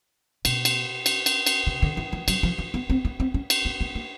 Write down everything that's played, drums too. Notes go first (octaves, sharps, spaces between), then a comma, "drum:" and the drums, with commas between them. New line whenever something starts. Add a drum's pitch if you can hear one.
B2, drum: cymbal
drum: cymbal
drum: cymbal
drum: cymbal
drum: cymbal
C#3
D3
E3
F3
F#3, drum: cymbal
F3
F3
B3
C4
B3
C4
C#4
drum: cymbal
B3
B3
A#3